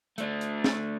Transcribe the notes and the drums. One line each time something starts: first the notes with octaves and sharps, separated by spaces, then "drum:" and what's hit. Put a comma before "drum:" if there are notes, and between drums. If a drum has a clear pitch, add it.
A3 D4, drum: hi-hat
drum: hi-hat
drum: snare